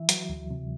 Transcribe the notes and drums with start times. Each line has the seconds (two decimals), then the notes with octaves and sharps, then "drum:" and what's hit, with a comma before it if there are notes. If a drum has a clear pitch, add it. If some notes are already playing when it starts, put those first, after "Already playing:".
Already playing: E3 E5
0.09 F#3, drum: hi-hat
0.29 D2
0.50 C3